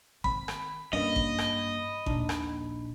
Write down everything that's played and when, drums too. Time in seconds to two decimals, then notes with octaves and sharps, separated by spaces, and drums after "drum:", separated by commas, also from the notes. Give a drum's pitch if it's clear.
0.24 D#3 C4 B5, drum: kick G#1
0.48 drum: rim click
0.93 G2 A#3 C#4 D#5
1.16 drum: kick G#1
1.39 drum: rim click
2.06 D#1 A#1 D4 D#4, drum: kick G#1
2.29 drum: rim click